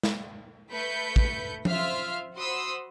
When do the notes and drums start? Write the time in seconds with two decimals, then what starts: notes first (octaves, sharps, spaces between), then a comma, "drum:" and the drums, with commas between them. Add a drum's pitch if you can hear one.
0.03 drum: snare
0.69 A3 B4 G6 B6 C#7
1.16 drum: kick
1.65 F4 C5 E5 F5 F6 B6, drum: tom F3
2.36 F#4 C5 B5 C6 D#6 E6